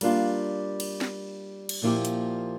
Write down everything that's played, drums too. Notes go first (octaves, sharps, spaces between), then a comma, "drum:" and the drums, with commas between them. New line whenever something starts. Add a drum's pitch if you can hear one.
G3 A#3 D4 F4, drum: cymbal
drum: cymbal
drum: snare
drum: cymbal
A#2 F3 A#3 E4 G4
drum: hi-hat